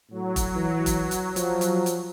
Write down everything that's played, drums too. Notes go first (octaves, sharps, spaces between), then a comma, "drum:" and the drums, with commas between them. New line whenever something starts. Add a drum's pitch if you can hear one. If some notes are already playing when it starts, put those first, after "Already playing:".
A2 F#3
drum: kick F1, hi-hat
E3
drum: kick F1, hi-hat
drum: hi-hat
F3, drum: hi-hat
drum: hi-hat
drum: hi-hat